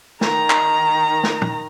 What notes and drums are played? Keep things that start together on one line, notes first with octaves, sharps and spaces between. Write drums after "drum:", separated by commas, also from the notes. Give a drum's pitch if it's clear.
D#3 A#5, drum: snare
drum: clap
drum: snare
drum: tom